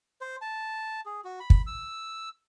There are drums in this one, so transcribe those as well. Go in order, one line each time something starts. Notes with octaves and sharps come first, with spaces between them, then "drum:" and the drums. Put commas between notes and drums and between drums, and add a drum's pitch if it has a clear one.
C5
A5
G#4
F#4
B5
drum: kick
E6